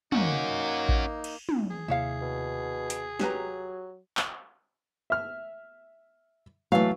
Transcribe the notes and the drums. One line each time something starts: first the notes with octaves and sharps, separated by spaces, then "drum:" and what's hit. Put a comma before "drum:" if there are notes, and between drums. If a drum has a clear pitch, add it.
A#3 C#4 D#4 F#4, drum: tom
drum: kick A1
drum: cymbal
drum: tom
G#4
D#2 C3 A#3 E4 C#5 F5
B2
drum: hi-hat
F#3 G4 B4 A#5, drum: snare
drum: clap
E5 F6
E3 F#3 A3 F5